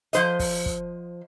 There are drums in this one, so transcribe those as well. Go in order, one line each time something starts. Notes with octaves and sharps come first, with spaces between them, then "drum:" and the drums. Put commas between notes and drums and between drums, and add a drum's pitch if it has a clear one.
F3 C5 D#5, drum: hi-hat
drum: kick, open hi-hat
drum: kick